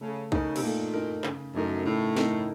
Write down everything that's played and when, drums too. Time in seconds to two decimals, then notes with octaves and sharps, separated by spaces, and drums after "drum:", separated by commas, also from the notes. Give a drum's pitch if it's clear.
0.01 C#3 A3
0.32 C#3 D#4 A#4, drum: kick
0.56 C3, drum: cymbal
0.63 A#2 A3
0.94 D#4 A#4
1.24 C#3, drum: clap
1.55 F#2 A3 D#4 A#4
1.85 A2 C#3
2.17 A3 D#4 A#4, drum: snare